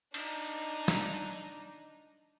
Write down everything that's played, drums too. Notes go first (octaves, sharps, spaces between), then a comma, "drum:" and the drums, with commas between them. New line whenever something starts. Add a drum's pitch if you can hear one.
D4 D#4, drum: cymbal
drum: snare